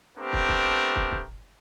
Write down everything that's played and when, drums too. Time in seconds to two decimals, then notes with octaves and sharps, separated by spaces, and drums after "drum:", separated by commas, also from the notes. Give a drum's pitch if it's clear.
0.17 A3 B3 C4 D4 G4 A#4
0.33 drum: kick
0.49 drum: kick
0.96 drum: kick
1.12 drum: kick